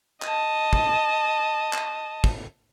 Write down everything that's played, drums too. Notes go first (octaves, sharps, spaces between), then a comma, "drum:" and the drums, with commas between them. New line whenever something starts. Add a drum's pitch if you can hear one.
D#5 A5, drum: clap
drum: kick
drum: clap
drum: kick